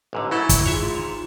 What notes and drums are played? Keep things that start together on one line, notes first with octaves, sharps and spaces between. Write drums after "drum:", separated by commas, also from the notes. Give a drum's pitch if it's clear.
A1 G#2 D3
F#3 A3 E4 A4
drum: kick, hi-hat
G#2 F4 C#5 E5